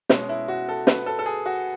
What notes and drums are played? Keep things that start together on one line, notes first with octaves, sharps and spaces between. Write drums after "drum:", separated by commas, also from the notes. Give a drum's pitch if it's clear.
B2 G#3 C#4, drum: snare
E4
F#4
A4
B4, drum: snare
A4
A4
G#4
F#4